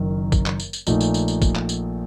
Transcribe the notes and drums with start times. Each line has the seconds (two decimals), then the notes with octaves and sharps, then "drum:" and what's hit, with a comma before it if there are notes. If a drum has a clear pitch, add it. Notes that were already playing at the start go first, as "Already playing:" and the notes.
Already playing: F#1 F#2 D#3
0.32 drum: kick, tambourine
0.46 drum: clap
0.60 drum: tambourine
0.73 drum: tambourine
0.87 A#1 A#2 A3 D#4, drum: tambourine
1.01 drum: tambourine
1.14 drum: tambourine
1.28 drum: tambourine
1.42 drum: kick, tambourine
1.55 drum: clap
1.69 drum: tambourine